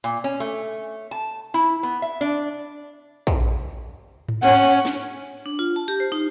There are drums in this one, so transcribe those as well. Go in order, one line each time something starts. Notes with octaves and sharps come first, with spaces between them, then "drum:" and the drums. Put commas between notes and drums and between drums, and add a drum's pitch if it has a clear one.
A#2
C#4
A3
A5
E4
B3
E5
D4
drum: kick
drum: tom G#2
C#4 F#5, drum: cymbal
drum: snare
D4
F4
A5
G4
C5
D#4